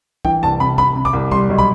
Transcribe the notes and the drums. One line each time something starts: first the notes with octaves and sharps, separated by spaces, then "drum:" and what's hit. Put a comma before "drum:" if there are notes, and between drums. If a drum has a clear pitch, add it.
E3 G5, drum: kick
C2 A5
C3 B5
C3 B5, drum: kick
C3
D6, drum: kick
C2
G3 C6, drum: kick
B1
B5, drum: kick